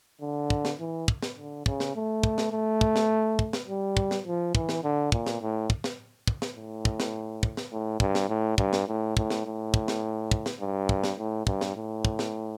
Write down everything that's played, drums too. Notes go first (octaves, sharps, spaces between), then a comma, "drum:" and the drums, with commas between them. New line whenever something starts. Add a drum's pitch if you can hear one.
D3
drum: kick
drum: snare
E3
drum: kick
drum: snare
D3
C#3, drum: kick
drum: snare
A3
drum: kick
drum: snare
A3
drum: kick
drum: snare
drum: kick
drum: snare
G3
drum: kick
drum: snare
F3
E3, drum: kick
drum: snare
D3
A#2, drum: kick
drum: snare
A2
drum: kick
drum: snare
drum: kick
drum: snare
A2
drum: kick
drum: snare
drum: kick
drum: snare
A2
G2, drum: kick
drum: snare
A2
G2, drum: kick
drum: snare
A2
A2, drum: kick
drum: snare
A2
drum: kick
drum: snare
drum: kick
drum: snare
G2
drum: kick
drum: snare
A2
G2, drum: kick
drum: snare
A2
drum: kick
drum: snare